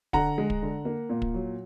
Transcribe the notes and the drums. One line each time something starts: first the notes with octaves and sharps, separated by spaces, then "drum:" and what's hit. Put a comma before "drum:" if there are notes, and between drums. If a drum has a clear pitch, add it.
D3 F#5 A#5, drum: kick
G#3
drum: kick
D3
A#3
A#2
drum: kick
F#3